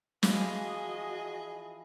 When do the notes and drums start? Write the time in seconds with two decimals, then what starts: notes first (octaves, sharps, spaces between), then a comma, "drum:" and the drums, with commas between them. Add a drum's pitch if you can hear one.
0.23 E3 F3 F4 F#4 G#4 D#5, drum: snare